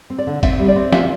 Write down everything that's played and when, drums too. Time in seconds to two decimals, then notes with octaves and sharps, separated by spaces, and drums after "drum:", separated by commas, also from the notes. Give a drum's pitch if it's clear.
0.10 C4
0.18 D5
0.27 D3
0.43 C4 E5, drum: kick G1, cymbal
0.59 G3
0.68 D5
0.76 C4
0.92 F4 E5, drum: snare